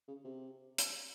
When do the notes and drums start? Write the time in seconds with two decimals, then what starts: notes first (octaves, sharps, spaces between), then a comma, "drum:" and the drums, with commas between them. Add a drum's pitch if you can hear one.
0.08 C#3
0.24 C3
0.78 drum: hi-hat